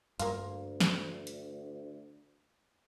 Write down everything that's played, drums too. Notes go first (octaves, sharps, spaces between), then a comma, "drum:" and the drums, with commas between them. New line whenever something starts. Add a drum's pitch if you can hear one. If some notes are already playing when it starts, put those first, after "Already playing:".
D2 G2 A#3 F4, drum: hi-hat
drum: snare
drum: hi-hat